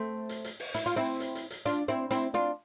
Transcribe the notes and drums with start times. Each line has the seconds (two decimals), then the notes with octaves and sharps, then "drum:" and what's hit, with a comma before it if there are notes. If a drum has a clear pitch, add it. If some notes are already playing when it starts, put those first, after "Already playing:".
Already playing: A3 C4
0.29 drum: hi-hat
0.44 drum: hi-hat
0.60 drum: open hi-hat
0.75 E4, drum: hi-hat
0.86 F4
0.96 C4 E4
1.20 drum: hi-hat
1.35 drum: hi-hat
1.50 drum: hi-hat
1.66 D4 F4, drum: hi-hat
1.88 C4 E4
2.11 C4 E4, drum: hi-hat
2.34 D4 F4